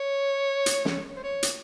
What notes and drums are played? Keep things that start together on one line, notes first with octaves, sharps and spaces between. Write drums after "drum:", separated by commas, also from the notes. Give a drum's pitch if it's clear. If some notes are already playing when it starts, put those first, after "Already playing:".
Already playing: C#5
drum: hi-hat
drum: snare
C5
C#5
drum: hi-hat